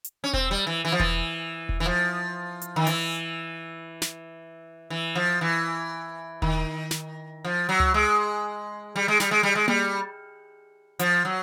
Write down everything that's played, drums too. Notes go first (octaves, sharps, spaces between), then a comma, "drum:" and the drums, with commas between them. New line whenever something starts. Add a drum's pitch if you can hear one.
drum: hi-hat
C#4
C4, drum: kick E1
G3
E3
E3
F3
E3, drum: kick E1
drum: kick E1
E3
F3
drum: hi-hat
D#3
E3, drum: open hi-hat
drum: snare
E3
F3
E3
D#3, drum: kick E1
drum: snare
F3
F#3
drum: tom C#2
G#3
G3
G#3
G3, drum: snare
G#3
G3
G#3
G3, drum: tom A#3
F3, drum: hi-hat
F#3